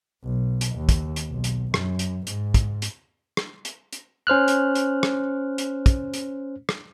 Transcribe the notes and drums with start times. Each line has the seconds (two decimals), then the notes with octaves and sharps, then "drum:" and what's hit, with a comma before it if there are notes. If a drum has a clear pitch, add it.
0.23 B1
0.61 drum: hi-hat
0.75 D#2
0.89 drum: kick, hi-hat
1.16 drum: hi-hat
1.29 B1
1.44 drum: hi-hat
1.74 F#2, drum: rim click
1.99 drum: hi-hat
2.27 G#2, drum: hi-hat
2.54 drum: kick, hi-hat
2.82 drum: hi-hat
3.37 drum: rim click
3.65 drum: hi-hat
3.93 drum: hi-hat
4.27 C#4 C5 F6 F#6
4.48 drum: hi-hat
4.75 drum: hi-hat
5.03 drum: rim click
5.58 drum: hi-hat
5.86 drum: kick, hi-hat
6.14 drum: hi-hat
6.69 drum: rim click